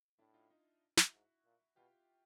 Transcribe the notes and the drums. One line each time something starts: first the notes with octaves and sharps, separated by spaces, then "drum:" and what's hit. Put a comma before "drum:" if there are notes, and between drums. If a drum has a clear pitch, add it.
A2 D4 E4
D#4 F4
D#4
E4 F#4, drum: snare
G#2
A#2
B2 F4 G4